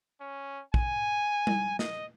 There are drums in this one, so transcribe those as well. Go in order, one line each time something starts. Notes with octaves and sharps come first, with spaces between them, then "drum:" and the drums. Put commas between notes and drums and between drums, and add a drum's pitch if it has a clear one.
C#4
G#5, drum: kick A#1
drum: tom G3
D#5, drum: snare